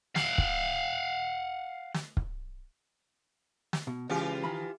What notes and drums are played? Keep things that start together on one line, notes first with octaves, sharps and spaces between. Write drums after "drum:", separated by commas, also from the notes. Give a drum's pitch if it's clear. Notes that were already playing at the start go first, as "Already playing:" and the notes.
F5 F#5, drum: snare
drum: kick
drum: snare
drum: kick
drum: snare
B2
C#3 E3 G#3 F4 G4
D#3 B5